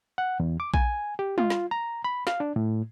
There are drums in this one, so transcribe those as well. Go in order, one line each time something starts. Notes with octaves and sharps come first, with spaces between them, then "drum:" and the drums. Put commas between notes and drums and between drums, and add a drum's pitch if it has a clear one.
F#5
E2
D6
G#5, drum: kick A#1
G4
F4, drum: tom
drum: snare
A#5
B5
F5, drum: snare
D4
A2